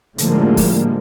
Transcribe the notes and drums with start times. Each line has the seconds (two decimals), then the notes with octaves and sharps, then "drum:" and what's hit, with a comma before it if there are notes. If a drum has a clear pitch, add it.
0.18 A2 D3 F3 G3 G#3 A#3, drum: hi-hat
0.57 drum: kick, open hi-hat